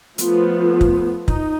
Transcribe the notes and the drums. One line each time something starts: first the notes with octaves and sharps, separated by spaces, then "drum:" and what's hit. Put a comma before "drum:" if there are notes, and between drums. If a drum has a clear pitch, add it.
F3 A3 B3 F4, drum: hi-hat
drum: kick
D#4, drum: kick